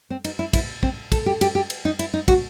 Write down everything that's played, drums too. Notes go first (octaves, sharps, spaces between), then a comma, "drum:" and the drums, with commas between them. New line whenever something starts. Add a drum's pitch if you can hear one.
C4
D#4, drum: cymbal
E4
E4, drum: kick, cymbal
C4, drum: kick
A4, drum: kick, cymbal
G4
G4, drum: cymbal
G4
drum: cymbal
D#4
E4, drum: cymbal
D#4
F#4, drum: kick, cymbal